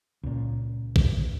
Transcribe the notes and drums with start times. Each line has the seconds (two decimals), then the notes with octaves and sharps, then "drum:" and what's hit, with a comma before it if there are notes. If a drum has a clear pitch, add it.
0.23 C#2 A#2
0.96 drum: kick